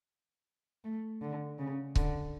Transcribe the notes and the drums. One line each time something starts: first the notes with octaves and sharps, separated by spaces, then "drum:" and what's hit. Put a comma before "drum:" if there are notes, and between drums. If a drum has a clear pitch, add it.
A3
D3
C#3
D3, drum: kick C#1